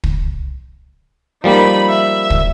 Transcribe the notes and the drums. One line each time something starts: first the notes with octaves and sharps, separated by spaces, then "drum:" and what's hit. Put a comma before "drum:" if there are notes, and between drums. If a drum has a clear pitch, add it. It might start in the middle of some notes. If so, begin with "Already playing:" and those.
drum: kick
F3 G3 A#3 D#4 B5
E5
drum: kick